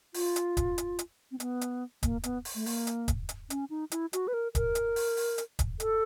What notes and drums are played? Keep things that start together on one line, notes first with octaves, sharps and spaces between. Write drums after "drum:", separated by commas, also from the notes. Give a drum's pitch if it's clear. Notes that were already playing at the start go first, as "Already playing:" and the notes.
F4, drum: open hi-hat
drum: hi-hat
drum: kick, hi-hat
drum: hi-hat
drum: hi-hat
C4
B3, drum: hi-hat
drum: hi-hat
A#3, drum: kick, hi-hat
B3, drum: hi-hat
drum: open hi-hat
A3
A#3, drum: open hi-hat
drum: hi-hat
drum: kick, hi-hat
drum: hi-hat
C#4, drum: hi-hat
D#4
E4, drum: hi-hat
F#4, drum: hi-hat
B4
A#4
A#4, drum: kick, hi-hat
drum: hi-hat
drum: open hi-hat
drum: open hi-hat
drum: hi-hat
drum: kick, hi-hat
A4, drum: hi-hat